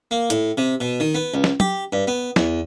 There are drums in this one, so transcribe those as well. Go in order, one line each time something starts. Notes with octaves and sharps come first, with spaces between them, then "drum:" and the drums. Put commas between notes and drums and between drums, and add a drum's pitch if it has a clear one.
A#3
A2, drum: hi-hat
C3
B2
D#3
B3
C#2
drum: snare
G4, drum: tom
G2
B3
E2, drum: snare